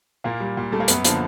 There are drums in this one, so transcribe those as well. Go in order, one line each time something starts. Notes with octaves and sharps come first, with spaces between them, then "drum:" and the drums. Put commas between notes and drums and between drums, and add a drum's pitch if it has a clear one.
A#2 A#3
G3
A#2
G3 A3
A#3
F#2 B3, drum: hi-hat
D3 F3 A#3, drum: hi-hat